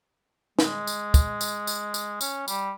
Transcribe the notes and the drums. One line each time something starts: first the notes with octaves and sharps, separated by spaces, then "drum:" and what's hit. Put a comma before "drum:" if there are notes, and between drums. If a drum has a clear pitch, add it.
G#3, drum: snare
drum: tambourine
drum: kick, tambourine
drum: tambourine
drum: tambourine
drum: tambourine
C#4, drum: tambourine
G3, drum: tambourine